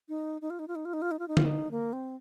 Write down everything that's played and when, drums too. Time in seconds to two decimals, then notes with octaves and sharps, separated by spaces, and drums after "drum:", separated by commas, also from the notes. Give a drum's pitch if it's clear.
0.09 D#4
0.42 D#4
0.50 F4
0.59 D#4
0.68 F4
0.75 D#4
0.85 F4
0.93 D#4
1.02 F4
1.11 D#4
1.19 F4
1.28 D#4
1.37 F4, drum: tom D3
1.46 D#4
1.71 A#3
1.93 C4